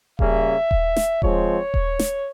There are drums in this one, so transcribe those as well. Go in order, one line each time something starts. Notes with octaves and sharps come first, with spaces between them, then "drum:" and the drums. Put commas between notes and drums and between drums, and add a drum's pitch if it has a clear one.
C#3 G3 A#3 C#4 E5, drum: kick D#1
drum: kick D#1
drum: snare
F3 G#3 C4 C#5, drum: kick D#1
drum: kick D#1
drum: snare